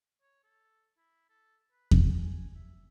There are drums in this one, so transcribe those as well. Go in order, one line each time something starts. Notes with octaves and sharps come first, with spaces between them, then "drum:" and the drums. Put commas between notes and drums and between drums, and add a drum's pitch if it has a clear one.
C#5
A4
E4
A4
B4
drum: kick E2
G#5
E5